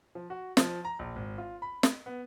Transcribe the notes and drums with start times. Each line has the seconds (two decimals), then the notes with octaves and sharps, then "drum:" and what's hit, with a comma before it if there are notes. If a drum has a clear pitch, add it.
0.15 F3
0.30 F#4
0.57 F3, drum: snare
0.85 A#5
0.99 A#1
1.16 G#1
1.38 F4
1.62 B5
1.83 drum: snare
2.06 B3